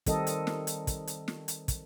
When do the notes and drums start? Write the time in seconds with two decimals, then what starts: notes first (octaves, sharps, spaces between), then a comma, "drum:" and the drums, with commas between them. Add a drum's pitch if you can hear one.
0.06 D#3 G3 C4 A4 A#4 D#5, drum: kick, hi-hat
0.27 drum: hi-hat
0.47 drum: snare
0.67 drum: hi-hat
0.87 drum: kick, hi-hat
1.07 drum: hi-hat
1.28 drum: snare
1.48 drum: hi-hat
1.68 drum: kick, hi-hat